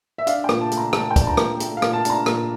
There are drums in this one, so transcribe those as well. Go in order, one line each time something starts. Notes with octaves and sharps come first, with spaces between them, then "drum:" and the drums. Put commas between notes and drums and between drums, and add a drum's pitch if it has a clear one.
E5
D4 F5, drum: hi-hat
G5
A#2, drum: rim click
A5
A3, drum: hi-hat
A#5
A#2 A5, drum: rim click
G5
D4, drum: kick D2, hi-hat
A5
A#5
A#2, drum: rim click
A3 G5, drum: hi-hat
F5
A#2, drum: rim click
A5
D4 A#5, drum: hi-hat
A#2, drum: rim click